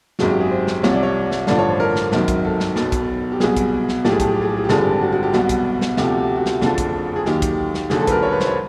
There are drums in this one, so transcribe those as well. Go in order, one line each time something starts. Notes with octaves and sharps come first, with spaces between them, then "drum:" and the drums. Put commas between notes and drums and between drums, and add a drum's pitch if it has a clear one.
G#1 F#2 C#3 F#3 F#4, drum: snare
G4
G#4
C5
drum: snare
C2 C3 F3 C#5, drum: snare
D5
C#5
drum: snare
A1 G2 D3 F3 D5, drum: snare
C#5
C5
A#4
drum: snare
G#1 F#2 D#3 F#3, drum: snare
drum: kick, hi-hat
A4
drum: snare
B1 B2 F#3, drum: snare
drum: kick, hi-hat
G4
C2 B2 F#3 G#4, drum: snare
drum: kick, hi-hat
drum: snare
B1 A2 F3 G4, drum: snare
G#4
G4, drum: kick, hi-hat
G#4
G4
G#4
G4
G#4
G4
G#1 G2 D3 F3 G#4, drum: snare
G4
F#4
F#4
G4
C2 B2 F#3 F#4, drum: snare
drum: kick, hi-hat
drum: snare
D2 C3 F3 G4, drum: snare
F#4
F#4
drum: snare
F#1 F2 D3 F3, drum: snare
drum: kick, hi-hat
G#4
D#2 D#3 F#3 G4, drum: snare
drum: kick, hi-hat
drum: snare
E1 D#2 D3 F#3 G#4, drum: snare
A4
B4, drum: kick, hi-hat
A#4
C#5
B4
C5, drum: snare
C#5